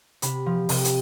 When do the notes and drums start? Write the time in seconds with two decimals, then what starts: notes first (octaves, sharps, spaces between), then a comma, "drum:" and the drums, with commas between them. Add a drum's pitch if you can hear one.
0.22 C3 B5, drum: hi-hat
0.46 F3
0.69 C3, drum: open hi-hat
0.85 drum: hi-hat